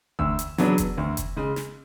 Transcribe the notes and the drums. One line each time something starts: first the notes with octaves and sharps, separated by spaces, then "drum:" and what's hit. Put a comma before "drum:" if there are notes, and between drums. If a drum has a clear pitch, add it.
D2 E6, drum: kick F1
drum: hi-hat
C#3 F#3 B3 D4, drum: snare
drum: kick F1, hi-hat
D2
drum: kick F1, hi-hat
C#3 G#3
drum: snare